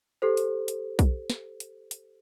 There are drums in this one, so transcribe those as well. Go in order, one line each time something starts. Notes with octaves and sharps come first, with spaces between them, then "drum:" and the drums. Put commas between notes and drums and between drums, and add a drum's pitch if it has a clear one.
G4 A4 C5
drum: hi-hat
drum: hi-hat
drum: kick, hi-hat
drum: snare
drum: hi-hat
drum: hi-hat